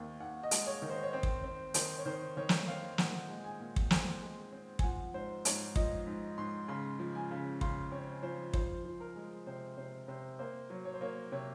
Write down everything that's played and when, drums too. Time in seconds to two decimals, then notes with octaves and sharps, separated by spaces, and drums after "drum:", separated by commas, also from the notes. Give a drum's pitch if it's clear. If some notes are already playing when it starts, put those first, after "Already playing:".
Already playing: D#2 D#3 C4
0.20 D#2 F#5
0.43 D#5
0.51 G#3, drum: hi-hat
0.66 C#5
0.82 D#3
0.90 C5
1.03 C#5
1.13 C4 C5
1.23 drum: kick
1.44 C4
1.74 D#3 C5, drum: hi-hat
1.98 C#5
2.06 D#3 C5
2.37 D#3 C#5
2.49 drum: snare
2.68 C4 F5
2.98 A#2 F#5, drum: snare
3.29 G#3
3.44 G#5
3.60 A#2
3.76 drum: kick
3.91 C4 G#5, drum: snare
4.22 G#3
4.53 C4
4.79 G#5, drum: kick
4.84 F3 F#5
5.14 G#2 C5
5.45 G#2 C#5, drum: hi-hat
5.76 F3 D#5, drum: kick
6.07 G#2
6.38 G#2 C6
6.68 C#3 C6
6.99 F3
7.15 G#5
7.31 C#3
7.61 C#3 C6, drum: kick
7.92 C4 C#5
8.23 F3 C5
8.54 F3 C5, drum: kick
8.85 F3
9.00 A#4
9.16 G#3
9.47 C3 C5
9.77 C3 C5
10.08 C3 C5
10.39 A#3 C5
10.70 F#3
10.85 C#5
10.94 C5
11.01 A#3 C#5
11.32 C3 C#5